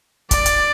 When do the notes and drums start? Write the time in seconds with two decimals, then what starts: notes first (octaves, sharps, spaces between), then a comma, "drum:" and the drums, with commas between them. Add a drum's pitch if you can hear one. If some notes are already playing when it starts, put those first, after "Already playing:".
0.31 D5, drum: kick, hi-hat
0.46 drum: hi-hat